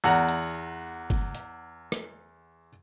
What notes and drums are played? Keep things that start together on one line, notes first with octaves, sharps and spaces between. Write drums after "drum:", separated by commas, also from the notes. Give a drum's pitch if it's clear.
E2 F#5 A#5
drum: hi-hat
drum: kick F#1
drum: hi-hat
drum: rim click